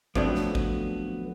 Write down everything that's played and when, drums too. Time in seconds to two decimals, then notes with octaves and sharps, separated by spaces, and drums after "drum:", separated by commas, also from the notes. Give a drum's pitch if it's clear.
0.15 F3 F#3 A3 B3 C4 D4, drum: kick G#1
0.35 drum: snare
0.55 drum: kick G#1